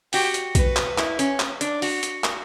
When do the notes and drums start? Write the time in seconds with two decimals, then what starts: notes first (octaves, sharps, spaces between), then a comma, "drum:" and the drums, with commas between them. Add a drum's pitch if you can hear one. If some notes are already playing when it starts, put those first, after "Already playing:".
0.13 F#4 G4, drum: open hi-hat
0.34 drum: hi-hat
0.55 B4, drum: kick A#1, hi-hat
0.76 drum: clap
0.98 E4, drum: clap
1.19 C#4, drum: hi-hat
1.40 drum: clap
1.61 D4, drum: hi-hat
1.82 F#4, drum: open hi-hat
2.03 drum: hi-hat
2.24 drum: clap